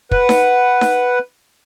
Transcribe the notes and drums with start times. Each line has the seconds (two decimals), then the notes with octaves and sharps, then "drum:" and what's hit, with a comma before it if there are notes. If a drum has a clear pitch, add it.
0.11 B4 F#5, drum: kick
0.29 drum: snare D#4
0.81 drum: snare D#4